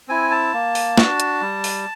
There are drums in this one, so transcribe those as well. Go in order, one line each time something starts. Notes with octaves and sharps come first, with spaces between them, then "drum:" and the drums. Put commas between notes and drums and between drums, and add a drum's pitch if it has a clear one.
C4 E4 G#5
A5
A#3
drum: open hi-hat
D4 F#4, drum: snare
drum: hi-hat
G3
drum: open hi-hat